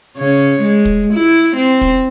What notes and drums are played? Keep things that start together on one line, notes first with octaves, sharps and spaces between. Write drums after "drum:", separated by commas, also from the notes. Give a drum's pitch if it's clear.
C#3 C#5
G#3
drum: kick
E4
C4
drum: kick